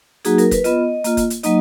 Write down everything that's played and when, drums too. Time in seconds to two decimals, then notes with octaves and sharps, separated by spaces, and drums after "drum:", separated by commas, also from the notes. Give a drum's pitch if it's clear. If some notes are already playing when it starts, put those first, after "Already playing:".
0.25 F#3 A#3 D#4 F#4 G#4, drum: hi-hat
0.38 A#4, drum: hi-hat
0.51 B4, drum: kick F#1, hi-hat
0.64 B3 F4 D#5, drum: hi-hat
1.04 A#3 F4, drum: hi-hat
1.17 drum: kick F#1, hi-hat
1.30 drum: hi-hat
1.43 F#3 A#3 D#4 D#5, drum: hi-hat